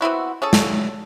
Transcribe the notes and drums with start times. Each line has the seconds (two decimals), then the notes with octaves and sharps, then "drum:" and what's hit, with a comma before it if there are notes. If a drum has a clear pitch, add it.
0.01 B3 C4 E4 F#4
0.42 C#4 G#4 A4
0.53 drum: snare